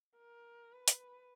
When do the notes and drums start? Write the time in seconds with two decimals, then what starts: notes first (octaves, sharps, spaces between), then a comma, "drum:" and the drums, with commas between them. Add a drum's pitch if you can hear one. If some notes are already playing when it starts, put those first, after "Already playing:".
0.17 A#4
0.73 B4
0.88 drum: hi-hat